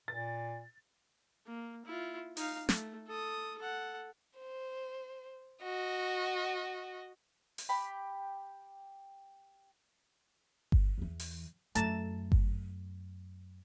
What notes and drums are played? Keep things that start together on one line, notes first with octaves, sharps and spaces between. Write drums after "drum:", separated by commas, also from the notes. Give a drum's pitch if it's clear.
A#2 A6
A#3
E4 F4
D#4 F5, drum: open hi-hat
A3, drum: snare
A4 D#6
A4 F#5
C5
F#4 D#5
drum: open hi-hat
G4 G5 B5
drum: kick G1
E2 E3
drum: open hi-hat
F#2 A3 A5 A#5, drum: hi-hat
drum: kick G1